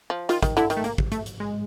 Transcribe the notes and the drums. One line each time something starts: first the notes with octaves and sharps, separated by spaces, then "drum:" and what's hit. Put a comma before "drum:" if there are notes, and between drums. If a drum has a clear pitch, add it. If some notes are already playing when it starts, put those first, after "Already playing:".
F3
D#3 F4, drum: hi-hat
D#3, drum: kick, hi-hat
D3 E4, drum: hi-hat
D#3, drum: hi-hat
A3
A#3, drum: hi-hat
drum: kick
A3, drum: hi-hat
drum: hi-hat
G#3